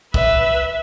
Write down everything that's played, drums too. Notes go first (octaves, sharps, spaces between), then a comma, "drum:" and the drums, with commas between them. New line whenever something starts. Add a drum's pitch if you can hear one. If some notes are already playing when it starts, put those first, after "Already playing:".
B4 E5, drum: kick